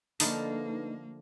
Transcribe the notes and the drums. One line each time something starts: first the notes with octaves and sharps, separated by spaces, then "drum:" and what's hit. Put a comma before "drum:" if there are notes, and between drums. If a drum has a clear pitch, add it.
D3 F3 A3 A#3 D4 D#4 B4, drum: open hi-hat